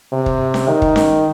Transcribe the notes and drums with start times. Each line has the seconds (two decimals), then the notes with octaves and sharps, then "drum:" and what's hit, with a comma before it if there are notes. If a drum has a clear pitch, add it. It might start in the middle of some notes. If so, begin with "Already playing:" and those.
0.12 C3
0.26 drum: kick
0.54 drum: snare C#4
0.68 D#3
0.82 drum: kick
0.96 drum: snare C#4